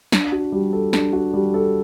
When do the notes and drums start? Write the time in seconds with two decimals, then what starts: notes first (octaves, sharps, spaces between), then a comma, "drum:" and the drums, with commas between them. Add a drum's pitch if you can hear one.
0.12 D4, drum: snare
0.32 F#4
0.52 G3
0.73 A4
0.93 D4, drum: snare
1.13 F#4
1.33 G3
1.54 A4